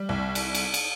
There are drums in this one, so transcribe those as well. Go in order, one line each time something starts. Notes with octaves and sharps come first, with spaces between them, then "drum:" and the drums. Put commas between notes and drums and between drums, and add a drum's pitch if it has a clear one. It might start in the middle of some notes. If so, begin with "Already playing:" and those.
Already playing: G3
C2
drum: cymbal
drum: cymbal
drum: cymbal